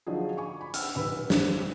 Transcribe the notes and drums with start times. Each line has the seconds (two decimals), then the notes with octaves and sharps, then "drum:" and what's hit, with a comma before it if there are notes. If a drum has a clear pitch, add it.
0.07 D3 F3 F#3 D#4 G#4
0.37 G#5 B5 C#6 D6
0.61 B5
0.74 F#5 G5 E6 F6, drum: hi-hat
0.95 D#1 B1 B4 B5 E6
1.30 A4 C5, drum: snare